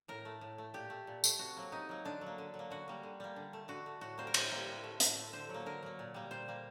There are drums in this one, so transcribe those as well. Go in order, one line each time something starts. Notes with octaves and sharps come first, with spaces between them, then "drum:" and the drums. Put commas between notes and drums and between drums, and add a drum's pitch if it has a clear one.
A2 A#4
A3
A2
A3
A#2 G4
A3
A#2
A3, drum: tambourine
C3 F#4
F#3 A#3
C3 D#4
F#3 A#3
D3 D4
F#3
A#3
D3
F#3
A#3
D3 F#4
G3 A#3
D3
G3 A#3
D3
A3
D3 F#4
A3
A2 F#4
G3 A#3 C5
A#4
A2 C5, drum: cymbal
G3 A#3
A2
A3
A2, drum: hi-hat
A3
D3 C5
F#3
A#3
D3 A#4
F#3 A#3
A#2
G3 A#3
A#2 C5
G3 A#3